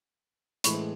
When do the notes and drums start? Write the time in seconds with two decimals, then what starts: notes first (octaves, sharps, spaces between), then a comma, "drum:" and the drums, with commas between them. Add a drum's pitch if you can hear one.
0.64 A2 E3 G#3 B5 C#6, drum: hi-hat